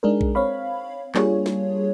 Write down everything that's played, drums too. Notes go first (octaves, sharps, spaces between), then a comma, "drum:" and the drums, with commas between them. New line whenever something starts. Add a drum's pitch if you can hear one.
G#3 D4 D#4 G#4 A#4
drum: kick A#1
C4 C#5 F5 B5
G3 A#3 D4 F4 G#4 C#5, drum: clap
drum: snare